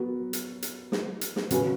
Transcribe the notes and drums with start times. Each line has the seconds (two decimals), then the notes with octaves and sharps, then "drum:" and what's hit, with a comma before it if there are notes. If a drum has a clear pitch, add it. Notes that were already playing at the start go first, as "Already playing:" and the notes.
Already playing: F#3 B3 F#4 A#4
0.33 drum: hi-hat
0.62 drum: hi-hat
0.92 drum: snare
1.21 drum: hi-hat
1.36 drum: snare
1.51 C#3 F#3 C#4 F#4 B4, drum: hi-hat